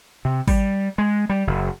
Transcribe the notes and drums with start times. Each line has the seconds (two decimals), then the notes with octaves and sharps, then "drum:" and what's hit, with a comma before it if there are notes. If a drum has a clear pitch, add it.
0.25 C3
0.48 G3, drum: kick G#1, open hi-hat
0.98 G#3
1.29 G3
1.47 F#1